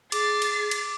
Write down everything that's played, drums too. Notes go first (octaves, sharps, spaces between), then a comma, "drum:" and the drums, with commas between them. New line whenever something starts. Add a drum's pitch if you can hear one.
G#4 D6 A6 C7, drum: cymbal
drum: cymbal
drum: cymbal